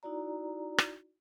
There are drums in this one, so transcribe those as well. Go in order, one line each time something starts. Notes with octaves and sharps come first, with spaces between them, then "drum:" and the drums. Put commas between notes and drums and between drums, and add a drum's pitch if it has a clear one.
D#4 E4 F#4 D5 A#5
drum: rim click